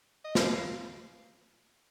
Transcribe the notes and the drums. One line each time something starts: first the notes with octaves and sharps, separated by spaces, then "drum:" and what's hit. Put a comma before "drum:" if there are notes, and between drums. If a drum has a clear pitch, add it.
D#5
F5, drum: snare